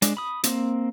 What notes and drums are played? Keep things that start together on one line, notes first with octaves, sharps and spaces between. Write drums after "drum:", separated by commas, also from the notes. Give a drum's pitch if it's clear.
G#3 D4, drum: hi-hat
B5 D#6
A#3 C4, drum: hi-hat